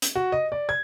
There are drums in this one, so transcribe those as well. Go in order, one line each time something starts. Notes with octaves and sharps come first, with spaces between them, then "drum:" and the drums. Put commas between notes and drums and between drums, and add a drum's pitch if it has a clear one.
drum: hi-hat
F#4
D#5
D5
G#6